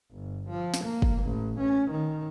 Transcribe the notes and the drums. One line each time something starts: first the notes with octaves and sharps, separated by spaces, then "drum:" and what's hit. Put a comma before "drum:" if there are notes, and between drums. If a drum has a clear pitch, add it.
G1
F3
drum: snare
A#3
drum: kick
A1
C#4
D#3